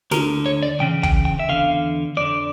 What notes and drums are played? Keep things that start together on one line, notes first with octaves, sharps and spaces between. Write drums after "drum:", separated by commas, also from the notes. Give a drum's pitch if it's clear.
D2 D3 A#4, drum: snare
C#5
D5
C#2 C#3 E3 G5
G5, drum: kick
G5
E5
E2 D3 F5
F2 D3 D5